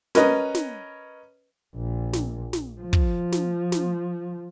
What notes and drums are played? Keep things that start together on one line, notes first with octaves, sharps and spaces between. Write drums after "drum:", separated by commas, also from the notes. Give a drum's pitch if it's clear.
C#4 A#4 B4 D#5, drum: snare
drum: snare
A#1
drum: snare
drum: snare
F3
drum: kick
drum: snare
drum: snare